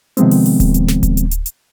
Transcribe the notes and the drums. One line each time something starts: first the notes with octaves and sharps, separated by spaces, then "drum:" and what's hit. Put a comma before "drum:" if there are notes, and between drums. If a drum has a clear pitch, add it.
C3 D#3 F3 G#3 B3 C4, drum: hi-hat
drum: open hi-hat
drum: open hi-hat
drum: kick D1, hi-hat
drum: hi-hat
drum: snare
drum: kick D1, hi-hat
drum: hi-hat
drum: hi-hat
drum: hi-hat